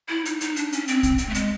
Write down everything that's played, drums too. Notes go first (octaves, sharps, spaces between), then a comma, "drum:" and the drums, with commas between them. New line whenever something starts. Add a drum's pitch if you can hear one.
E4
D#4, drum: hi-hat
D#4, drum: hi-hat
D4, drum: hi-hat
C#4, drum: hi-hat
C4, drum: hi-hat
drum: kick, hi-hat
C4, drum: hi-hat
A3
G#3, drum: hi-hat